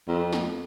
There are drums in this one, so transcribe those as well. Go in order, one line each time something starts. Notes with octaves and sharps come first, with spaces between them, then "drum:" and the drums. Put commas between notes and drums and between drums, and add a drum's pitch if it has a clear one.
F2
drum: snare